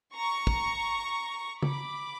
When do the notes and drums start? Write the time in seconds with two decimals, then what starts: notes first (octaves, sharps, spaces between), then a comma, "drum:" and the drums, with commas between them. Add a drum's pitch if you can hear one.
0.14 A#5 C#6
0.47 drum: kick
1.62 B5 D6, drum: tom C#3